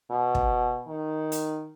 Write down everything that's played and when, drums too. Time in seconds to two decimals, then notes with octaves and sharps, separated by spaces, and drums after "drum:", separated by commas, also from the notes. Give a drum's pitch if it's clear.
0.11 B2
0.35 drum: kick
0.88 D#3
1.32 drum: hi-hat